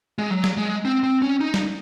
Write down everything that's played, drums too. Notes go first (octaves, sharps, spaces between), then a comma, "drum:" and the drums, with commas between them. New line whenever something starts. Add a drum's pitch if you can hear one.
G#3
F#3
drum: snare
G#3
C4
C4
C#4
D#4
drum: snare